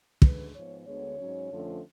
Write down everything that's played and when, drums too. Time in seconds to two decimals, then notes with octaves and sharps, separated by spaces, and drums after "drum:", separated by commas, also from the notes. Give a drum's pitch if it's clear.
0.22 D2 D3 G#3 C#4 B4, drum: kick
0.54 G#2 F3 B3 C#5
0.86 D2 D3 G#3 B3 C#5
1.18 G#2 F#3 C#4
1.50 F2 D3 F3 A3 C#4